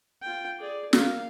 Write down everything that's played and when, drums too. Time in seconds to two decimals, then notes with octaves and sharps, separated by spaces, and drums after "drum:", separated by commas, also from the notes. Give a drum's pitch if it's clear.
0.22 F4 G5
0.60 G#4 D5
0.93 A#3 F5, drum: snare